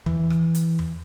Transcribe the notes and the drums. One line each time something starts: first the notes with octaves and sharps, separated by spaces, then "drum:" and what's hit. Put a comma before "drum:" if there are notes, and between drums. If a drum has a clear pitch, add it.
E3, drum: tom E2
drum: rim click
drum: hi-hat
drum: tom E2